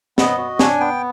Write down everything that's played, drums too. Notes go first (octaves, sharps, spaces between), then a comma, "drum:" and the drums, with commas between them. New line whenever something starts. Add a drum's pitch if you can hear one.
B3 D#5, drum: snare
F#4
D4 G#5, drum: snare
B3 G5